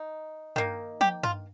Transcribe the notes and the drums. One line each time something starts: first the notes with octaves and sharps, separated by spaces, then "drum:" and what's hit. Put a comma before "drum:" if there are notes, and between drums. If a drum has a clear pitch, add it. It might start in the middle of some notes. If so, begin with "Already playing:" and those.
Already playing: D#4
D#3 A#3 D#4, drum: tom G2
G4, drum: tom
F4, drum: tom G2